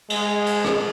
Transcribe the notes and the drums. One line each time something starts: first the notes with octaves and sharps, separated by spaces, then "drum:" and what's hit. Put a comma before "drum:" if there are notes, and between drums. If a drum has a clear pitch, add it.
G#3, drum: cymbal
drum: cymbal
drum: rim click